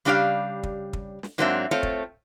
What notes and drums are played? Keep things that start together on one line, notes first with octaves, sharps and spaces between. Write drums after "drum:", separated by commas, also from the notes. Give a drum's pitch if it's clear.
C#3 G3 D4 G4 C#5 F5
drum: kick
drum: kick
drum: snare
G#2 F#3 A#3 C4 D4 E5
A3 C4 F4 C#5
drum: kick